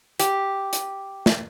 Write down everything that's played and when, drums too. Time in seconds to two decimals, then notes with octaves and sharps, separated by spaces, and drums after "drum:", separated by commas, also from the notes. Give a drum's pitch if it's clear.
0.20 G4, drum: hi-hat
0.73 drum: hi-hat
1.26 drum: snare